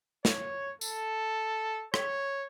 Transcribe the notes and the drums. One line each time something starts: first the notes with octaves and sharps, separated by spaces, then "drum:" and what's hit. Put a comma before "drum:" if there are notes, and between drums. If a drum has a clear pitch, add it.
C#5, drum: snare
A4, drum: tambourine
C#5, drum: rim click